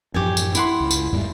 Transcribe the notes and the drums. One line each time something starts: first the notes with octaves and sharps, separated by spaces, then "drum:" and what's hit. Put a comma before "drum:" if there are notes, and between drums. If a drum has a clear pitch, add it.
A1 F#2 F3 G4 C#5 G#5
drum: tambourine
E4 F#5 C6, drum: tambourine
C#2
drum: tambourine
E2 G#2 G3